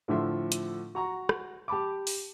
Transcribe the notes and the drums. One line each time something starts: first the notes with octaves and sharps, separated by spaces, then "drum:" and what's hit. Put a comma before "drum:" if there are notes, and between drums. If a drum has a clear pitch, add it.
A2 D3 F3 E5 C6
drum: hi-hat
F#4 A#5 C#6
drum: rim click
G4 A5 B5 D6
drum: open hi-hat